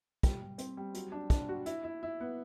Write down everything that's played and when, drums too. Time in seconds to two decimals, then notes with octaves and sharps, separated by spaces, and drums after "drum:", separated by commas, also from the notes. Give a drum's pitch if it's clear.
0.23 G3, drum: kick, hi-hat
0.41 G3
0.58 C4, drum: hi-hat
0.77 G3
0.94 F#3, drum: hi-hat
1.12 D4
1.30 D4, drum: kick, hi-hat
1.49 F#4
1.66 E4, drum: hi-hat
1.84 E4
2.03 E4
2.20 B3